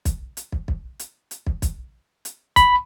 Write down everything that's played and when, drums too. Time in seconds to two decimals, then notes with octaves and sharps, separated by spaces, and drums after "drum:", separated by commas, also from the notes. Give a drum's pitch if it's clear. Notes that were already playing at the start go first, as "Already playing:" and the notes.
0.05 drum: kick, hi-hat
0.37 drum: hi-hat
0.52 drum: kick
0.68 drum: kick
0.99 drum: hi-hat
1.31 drum: hi-hat
1.47 drum: kick
1.62 drum: kick, hi-hat
2.25 drum: hi-hat
2.56 B5, drum: kick, hi-hat